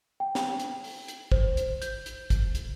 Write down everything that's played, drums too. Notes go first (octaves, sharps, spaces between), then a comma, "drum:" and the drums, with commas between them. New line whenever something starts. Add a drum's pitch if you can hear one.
G5
drum: snare
drum: hi-hat
drum: open hi-hat
drum: hi-hat
C5, drum: kick
drum: hi-hat
G6, drum: hi-hat
drum: hi-hat
drum: kick, hi-hat
drum: hi-hat